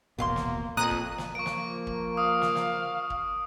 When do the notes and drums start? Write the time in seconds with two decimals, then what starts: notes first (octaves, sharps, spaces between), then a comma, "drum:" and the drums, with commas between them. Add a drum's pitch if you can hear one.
0.19 D#1 A1 B2 F#3 A#3 F5 C6
0.36 drum: snare
0.77 F2 A#2 C4 A#5 D#6 F#6 D#7
0.91 drum: kick
1.18 drum: snare
1.35 F3 A#3 C#6 D7
1.46 drum: snare
1.87 drum: kick
2.17 F5 D#6
2.42 drum: snare
2.55 drum: snare
3.10 drum: kick